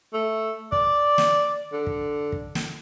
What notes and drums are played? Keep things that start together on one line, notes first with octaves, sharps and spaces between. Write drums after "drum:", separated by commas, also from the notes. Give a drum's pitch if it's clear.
A3
D5, drum: kick
drum: snare
D3
drum: kick
drum: kick
drum: snare